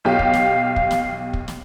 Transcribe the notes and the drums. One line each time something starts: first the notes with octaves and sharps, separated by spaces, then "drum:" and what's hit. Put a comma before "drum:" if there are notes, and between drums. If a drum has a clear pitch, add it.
B1 G4 F5
drum: kick
drum: snare
drum: kick
drum: snare
drum: kick
drum: snare